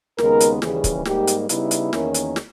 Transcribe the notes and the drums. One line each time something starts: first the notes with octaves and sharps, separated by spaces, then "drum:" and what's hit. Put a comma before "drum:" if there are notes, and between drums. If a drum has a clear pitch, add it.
D#2 C#3 G#3 B3 D#4 A#4, drum: snare
drum: hi-hat
D#2 C#3 E3 G3 C#4 G#4, drum: snare
drum: kick, hi-hat
G#2 G3 A#3 D#4 G4, drum: snare
drum: hi-hat
C#3 G3 B3 D#4 E4, drum: hi-hat
drum: hi-hat
E2 D#3 A#3 C#4, drum: snare
drum: hi-hat
drum: snare